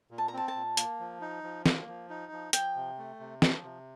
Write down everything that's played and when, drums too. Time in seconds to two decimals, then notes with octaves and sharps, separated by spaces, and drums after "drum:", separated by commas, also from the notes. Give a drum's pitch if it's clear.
0.11 A#2
0.18 A5
0.28 A#5
0.33 C4 A5
0.48 A5
0.55 A#2
0.77 A#3, drum: hi-hat
0.99 F3
1.21 D#4
1.44 F3
1.66 A#3, drum: snare
1.88 F3
2.10 D#4
2.32 F3
2.53 F3 G5, drum: hi-hat
2.76 C3
2.98 A3
3.20 C3
3.42 F3, drum: snare
3.64 C3